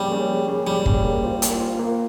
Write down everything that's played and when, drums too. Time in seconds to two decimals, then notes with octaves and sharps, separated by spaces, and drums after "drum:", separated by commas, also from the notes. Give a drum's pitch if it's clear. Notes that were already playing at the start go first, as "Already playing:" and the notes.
Already playing: F3 G3 A#3 C#4 G#4 C#5
0.11 A#3 C#4 G#4 C#5
0.29 F3
0.48 A#3 C#4 G#4 C#5
0.67 F3 G3
0.86 A#3 C#4 G#4 C#5, drum: kick
1.04 A#3
1.23 F4 C5
1.42 A#3, drum: hi-hat
1.61 F4 C5
1.79 A#3